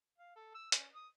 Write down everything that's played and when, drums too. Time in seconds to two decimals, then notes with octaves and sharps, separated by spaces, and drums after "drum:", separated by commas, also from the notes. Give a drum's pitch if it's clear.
0.18 F5
0.36 A4
0.55 E6
0.72 C#4, drum: hi-hat
0.95 D#6